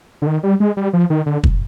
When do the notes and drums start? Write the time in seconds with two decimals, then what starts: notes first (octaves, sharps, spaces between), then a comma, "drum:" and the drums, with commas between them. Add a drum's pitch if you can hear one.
0.22 D3
0.27 D#3
0.43 G3
0.60 G#3
0.77 G3
0.93 F3
1.10 D#3
1.26 D3
1.44 drum: kick